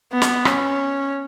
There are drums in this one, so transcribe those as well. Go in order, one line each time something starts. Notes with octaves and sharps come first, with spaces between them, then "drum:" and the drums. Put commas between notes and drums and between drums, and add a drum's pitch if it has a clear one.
B3
drum: snare
C#4, drum: rim click